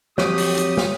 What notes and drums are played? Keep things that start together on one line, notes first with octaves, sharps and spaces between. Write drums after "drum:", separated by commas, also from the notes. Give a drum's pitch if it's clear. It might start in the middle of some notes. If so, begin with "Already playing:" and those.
F2 F#3 G4 C#5 D#6, drum: snare
drum: open hi-hat
drum: hi-hat
drum: snare